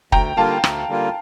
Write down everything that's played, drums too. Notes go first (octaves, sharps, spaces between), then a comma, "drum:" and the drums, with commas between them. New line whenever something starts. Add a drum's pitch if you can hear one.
D2 G5 A#5, drum: kick
D3 G3 A#3 F4 F5 A5
D2, drum: rim click
D3 G3 A#3 F4